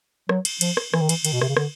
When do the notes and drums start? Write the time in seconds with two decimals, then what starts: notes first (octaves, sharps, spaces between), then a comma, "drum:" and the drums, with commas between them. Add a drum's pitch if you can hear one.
0.29 F#3, drum: rim click
0.45 drum: cymbal
0.61 F3, drum: cymbal
0.77 drum: rim click
0.94 E3, drum: rim click
1.01 D#3
1.09 E3, drum: cymbal
1.25 D#3, drum: cymbal
1.33 B2
1.41 C3, drum: rim click
1.49 C#3
1.57 D3, drum: rim click